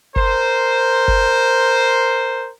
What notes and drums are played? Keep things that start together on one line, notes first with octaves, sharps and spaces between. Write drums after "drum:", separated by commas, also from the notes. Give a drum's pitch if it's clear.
A#4 C5, drum: kick F#1
drum: kick F#1